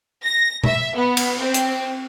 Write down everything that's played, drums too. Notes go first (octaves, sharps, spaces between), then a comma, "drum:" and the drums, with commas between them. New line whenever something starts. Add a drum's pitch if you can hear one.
A#6
E5, drum: tom B2
B3
drum: cymbal
C4
drum: hi-hat